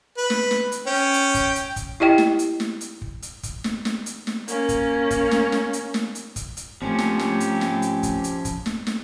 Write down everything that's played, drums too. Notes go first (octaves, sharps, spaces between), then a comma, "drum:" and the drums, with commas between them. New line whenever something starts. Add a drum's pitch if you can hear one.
B4
drum: snare
drum: snare
drum: hi-hat
C#4 G5
drum: hi-hat
drum: kick, hi-hat
drum: hi-hat
drum: kick, hi-hat
E4 G4 D#5 G5
drum: snare
drum: hi-hat
drum: snare
drum: hi-hat
drum: kick
drum: hi-hat
drum: kick, hi-hat
drum: snare
drum: snare
drum: hi-hat
drum: snare
A#3 C#4, drum: hi-hat
drum: kick, hi-hat
drum: kick, hi-hat
drum: snare
drum: snare
drum: hi-hat
drum: snare
drum: hi-hat
drum: kick, hi-hat
drum: hi-hat
F3 A3 A#3 C4 C#4 G4
drum: snare
drum: snare
drum: hi-hat
drum: snare
drum: hi-hat
drum: kick, hi-hat
drum: hi-hat
drum: kick, hi-hat
drum: snare
drum: snare